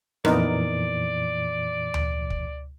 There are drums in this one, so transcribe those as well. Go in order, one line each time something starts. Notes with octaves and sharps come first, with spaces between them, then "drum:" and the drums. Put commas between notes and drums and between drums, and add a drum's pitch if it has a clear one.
F2 A#2 E3 B3 D#4 A#4 D5, drum: rim click
drum: tom D2
drum: kick